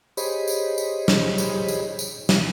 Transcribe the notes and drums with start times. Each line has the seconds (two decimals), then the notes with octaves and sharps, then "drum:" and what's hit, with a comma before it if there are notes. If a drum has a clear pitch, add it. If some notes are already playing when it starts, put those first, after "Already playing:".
0.17 G4 G#4 C5 C#5 D#5 B5, drum: tambourine
0.48 drum: tambourine
0.78 drum: tambourine
1.08 drum: snare
1.38 drum: tambourine
1.68 drum: tambourine
1.99 drum: tambourine
2.29 drum: snare